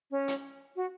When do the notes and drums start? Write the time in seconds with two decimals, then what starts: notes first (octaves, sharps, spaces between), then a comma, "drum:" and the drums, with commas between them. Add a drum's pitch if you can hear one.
0.11 C#4
0.28 drum: hi-hat
0.76 F#4